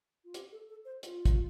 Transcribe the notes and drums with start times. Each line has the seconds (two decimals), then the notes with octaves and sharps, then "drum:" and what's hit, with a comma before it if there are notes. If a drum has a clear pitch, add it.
0.25 F4
0.34 G4, drum: hi-hat
0.52 A4
0.69 A4
0.85 C5
1.03 F4, drum: hi-hat
1.25 drum: kick, hi-hat